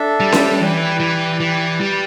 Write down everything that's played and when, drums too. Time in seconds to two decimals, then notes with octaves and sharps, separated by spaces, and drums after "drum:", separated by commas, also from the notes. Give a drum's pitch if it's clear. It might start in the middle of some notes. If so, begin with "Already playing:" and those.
Already playing: D4 A4 E5
0.20 G3
0.32 drum: snare C#4
0.60 E3 G4 B4 D5 G5
1.00 E3
1.40 E3
1.80 G3